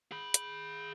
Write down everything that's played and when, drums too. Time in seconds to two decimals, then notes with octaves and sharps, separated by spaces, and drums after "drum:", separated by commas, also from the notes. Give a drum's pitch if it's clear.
0.11 G#4 B5
0.34 drum: hi-hat